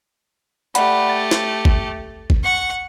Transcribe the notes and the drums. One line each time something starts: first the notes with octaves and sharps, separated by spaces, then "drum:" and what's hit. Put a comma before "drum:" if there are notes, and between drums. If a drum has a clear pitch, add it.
A3 G4 D5 F#5 B5, drum: hi-hat
A6
drum: snare
drum: kick
drum: kick
F#5 C#6